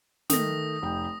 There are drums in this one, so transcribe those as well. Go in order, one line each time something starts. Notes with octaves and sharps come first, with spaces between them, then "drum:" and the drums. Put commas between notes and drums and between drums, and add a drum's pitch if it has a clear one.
D#3 A3 D#6 A#6, drum: snare
F1 D#4 G5